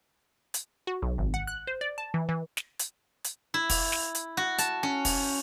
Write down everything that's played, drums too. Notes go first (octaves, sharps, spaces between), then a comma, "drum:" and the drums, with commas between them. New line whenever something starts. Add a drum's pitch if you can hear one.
drum: hi-hat
F#4
B1
G#1
F#5
F#6
C5
D5
A5
E3
E3
drum: snare
drum: hi-hat
drum: hi-hat
E4
drum: kick, open hi-hat
drum: snare
drum: hi-hat
F#4
A5, drum: hi-hat
C#4
drum: kick, open hi-hat